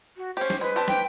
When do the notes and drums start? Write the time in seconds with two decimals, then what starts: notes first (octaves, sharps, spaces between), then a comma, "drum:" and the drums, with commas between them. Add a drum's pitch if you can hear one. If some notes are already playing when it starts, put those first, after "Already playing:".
0.17 F#4
0.37 C#4 G4 C5, drum: tambourine
0.50 drum: snare
0.61 G#3 B4, drum: tambourine
0.76 C4 D4 G4 A5, drum: tambourine
0.88 G5, drum: snare